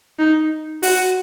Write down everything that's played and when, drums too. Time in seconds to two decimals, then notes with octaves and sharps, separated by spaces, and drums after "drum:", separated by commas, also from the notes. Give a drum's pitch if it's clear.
0.19 D#4
0.83 F#4, drum: open hi-hat